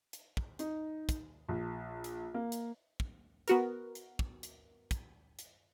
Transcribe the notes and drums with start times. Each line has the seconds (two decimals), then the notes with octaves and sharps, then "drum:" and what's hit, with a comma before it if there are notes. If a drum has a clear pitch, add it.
0.13 drum: hi-hat
0.37 drum: kick
0.59 D#4, drum: hi-hat
1.09 drum: kick, hi-hat
1.48 A#1
2.04 drum: hi-hat
2.34 A#3
2.52 drum: hi-hat
3.00 drum: kick
3.48 B3 F#4 A#4, drum: hi-hat
3.95 drum: hi-hat
4.19 drum: kick
4.43 drum: hi-hat
4.91 drum: kick, hi-hat
5.39 drum: hi-hat